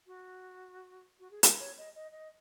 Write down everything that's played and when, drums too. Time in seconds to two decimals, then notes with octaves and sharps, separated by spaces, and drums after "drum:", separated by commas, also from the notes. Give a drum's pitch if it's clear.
0.07 F#4
1.20 F#4
1.31 G#4
1.43 A#4, drum: hi-hat
1.60 C#5
1.78 D#5
1.95 D#5
2.11 D#5